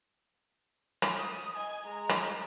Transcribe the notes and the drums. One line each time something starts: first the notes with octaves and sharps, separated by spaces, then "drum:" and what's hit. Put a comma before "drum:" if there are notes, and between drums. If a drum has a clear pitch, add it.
drum: rim click
D#6
D#5 G#5
G#3 A#5
drum: rim click